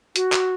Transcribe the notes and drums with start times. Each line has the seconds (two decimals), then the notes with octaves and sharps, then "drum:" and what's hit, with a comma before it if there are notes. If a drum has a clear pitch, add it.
0.16 F#4, drum: hi-hat
0.32 drum: clap